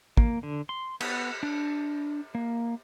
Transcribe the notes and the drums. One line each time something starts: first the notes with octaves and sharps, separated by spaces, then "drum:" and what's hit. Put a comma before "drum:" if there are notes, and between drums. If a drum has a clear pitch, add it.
A#3, drum: kick
D3
C6
B3, drum: cymbal
D4
A#3